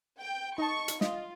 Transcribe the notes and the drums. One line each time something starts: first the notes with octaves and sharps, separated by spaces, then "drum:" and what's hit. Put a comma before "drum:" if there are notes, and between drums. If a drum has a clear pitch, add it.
G5
D#4 D#5 A5 C#6
drum: hi-hat
F4 D#5, drum: snare